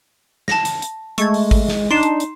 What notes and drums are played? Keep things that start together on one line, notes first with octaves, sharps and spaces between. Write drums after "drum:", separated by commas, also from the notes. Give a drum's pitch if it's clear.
A5 A#6, drum: snare
drum: hi-hat
drum: hi-hat
G#3 A3 C#6 G#6, drum: hi-hat
drum: open hi-hat
drum: kick G#1, open hi-hat
drum: snare
D4 D#4 C6 C7 E7
drum: hi-hat
drum: hi-hat